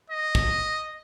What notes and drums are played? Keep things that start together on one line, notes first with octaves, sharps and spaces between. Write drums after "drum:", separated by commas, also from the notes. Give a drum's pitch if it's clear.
D#5
drum: kick